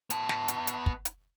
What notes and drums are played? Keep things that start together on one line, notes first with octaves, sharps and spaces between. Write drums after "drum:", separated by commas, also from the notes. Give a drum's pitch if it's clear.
B3 A5, drum: hi-hat
drum: snare
drum: hi-hat
drum: hi-hat
drum: kick
drum: hi-hat